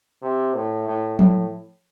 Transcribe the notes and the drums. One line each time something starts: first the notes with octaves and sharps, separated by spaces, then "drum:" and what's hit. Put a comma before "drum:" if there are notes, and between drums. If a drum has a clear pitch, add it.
C3
A2
A2
A2, drum: tom F3